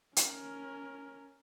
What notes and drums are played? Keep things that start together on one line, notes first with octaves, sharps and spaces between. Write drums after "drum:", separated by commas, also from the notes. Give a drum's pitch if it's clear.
C#4 A#4, drum: hi-hat